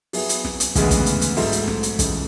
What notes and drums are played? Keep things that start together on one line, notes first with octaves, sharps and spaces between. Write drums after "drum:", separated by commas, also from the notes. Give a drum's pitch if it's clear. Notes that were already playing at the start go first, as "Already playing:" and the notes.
F#3 B3 E4 G#4, drum: open hi-hat
drum: hi-hat
drum: snare
drum: hi-hat
D2 C#3 E3 G#3 B3, drum: kick, hi-hat
drum: kick, hi-hat
drum: hi-hat
drum: hi-hat
G#2 F#3 A3 E4, drum: open hi-hat
drum: hi-hat
drum: snare
drum: hi-hat
C#2 C#3 E3 A3, drum: kick, hi-hat